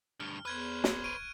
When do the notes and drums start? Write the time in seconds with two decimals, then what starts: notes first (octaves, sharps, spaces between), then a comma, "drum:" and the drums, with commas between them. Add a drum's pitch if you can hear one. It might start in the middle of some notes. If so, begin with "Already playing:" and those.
0.20 D2 G2 F6
0.45 E2 B4 C5 F6 F#6 G#6
0.84 drum: snare
1.04 C#6 D7 D#7